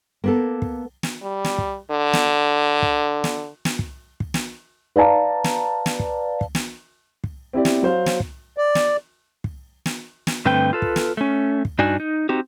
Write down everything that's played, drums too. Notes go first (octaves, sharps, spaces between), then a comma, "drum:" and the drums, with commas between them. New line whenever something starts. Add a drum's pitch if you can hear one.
A#3 B3 A4
drum: kick
drum: snare
G3
drum: snare
drum: kick
D3
drum: snare
drum: kick
drum: snare
drum: snare
drum: kick
drum: kick
drum: snare
B4 D5 F5 A5 A#5
drum: snare
drum: snare
drum: kick
drum: kick
drum: snare
drum: kick
C4 E4 G4 D5
drum: snare
F#3 C5 F5
drum: snare
drum: kick
D5
drum: snare
drum: kick
drum: snare
drum: snare
G2 D3 A3 C4 B4 G5
F4 A4 B4
drum: kick
drum: snare
A3 C#4
drum: kick
G2 D4 D#4 F#4 G#5
D#4
C4 D#4 F#4 G4